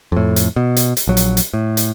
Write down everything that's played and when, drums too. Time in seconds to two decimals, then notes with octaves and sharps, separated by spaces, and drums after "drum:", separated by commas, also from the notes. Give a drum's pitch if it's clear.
0.12 F2 A2
0.36 drum: hi-hat
0.56 B2
0.77 drum: hi-hat
0.97 drum: hi-hat
1.07 A#1 F#3
1.17 drum: hi-hat
1.37 drum: hi-hat
1.54 A2
1.77 drum: hi-hat